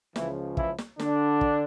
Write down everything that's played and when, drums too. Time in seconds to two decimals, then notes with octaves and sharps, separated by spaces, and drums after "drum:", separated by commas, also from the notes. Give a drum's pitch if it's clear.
0.16 C#2 C#3 E3 F3 E4, drum: snare
0.57 E3 E4, drum: kick
0.78 drum: snare
0.99 D3 D4, drum: snare
1.41 drum: kick